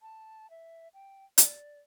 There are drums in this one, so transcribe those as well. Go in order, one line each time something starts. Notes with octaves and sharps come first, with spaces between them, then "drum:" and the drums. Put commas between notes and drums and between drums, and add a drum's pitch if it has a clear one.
A5
E5
G5
D5, drum: hi-hat